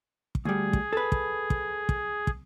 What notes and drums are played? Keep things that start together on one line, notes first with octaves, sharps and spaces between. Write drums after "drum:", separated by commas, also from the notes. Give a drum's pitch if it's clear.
drum: kick
D2 G3 G#4
drum: kick
A4 B4
drum: kick
drum: kick
drum: kick
drum: kick